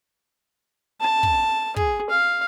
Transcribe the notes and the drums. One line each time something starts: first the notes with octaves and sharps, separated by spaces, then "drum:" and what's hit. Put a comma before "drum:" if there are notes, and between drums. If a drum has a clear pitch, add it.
A5
drum: kick
G#4, drum: kick
F5